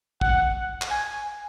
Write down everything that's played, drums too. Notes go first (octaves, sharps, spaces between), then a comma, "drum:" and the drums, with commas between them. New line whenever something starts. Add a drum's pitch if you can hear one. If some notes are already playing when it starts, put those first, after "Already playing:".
F#5, drum: kick
drum: clap
G#5